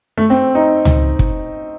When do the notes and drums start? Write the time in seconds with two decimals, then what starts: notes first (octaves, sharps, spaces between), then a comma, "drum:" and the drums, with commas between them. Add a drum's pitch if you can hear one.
0.18 A3
0.30 C4
0.55 D#4
0.85 drum: tom C#2
1.19 drum: kick